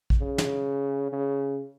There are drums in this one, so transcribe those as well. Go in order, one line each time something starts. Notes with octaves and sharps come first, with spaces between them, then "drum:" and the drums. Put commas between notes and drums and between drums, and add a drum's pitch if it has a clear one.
drum: kick A#1
C#3
drum: snare
C#3